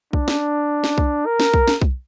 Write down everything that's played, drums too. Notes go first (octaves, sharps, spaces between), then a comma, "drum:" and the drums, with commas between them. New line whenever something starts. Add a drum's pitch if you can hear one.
D4, drum: kick B1
drum: snare
drum: snare
drum: kick B1
A#4
drum: snare
drum: kick B1
drum: snare
drum: kick B1